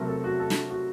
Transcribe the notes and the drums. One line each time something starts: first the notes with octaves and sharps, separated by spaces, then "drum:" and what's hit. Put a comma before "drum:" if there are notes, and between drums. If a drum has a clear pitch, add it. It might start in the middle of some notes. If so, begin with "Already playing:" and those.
Already playing: C3 F#3 A3 C4 A#4
A4
F#4
A4
drum: snare
F#4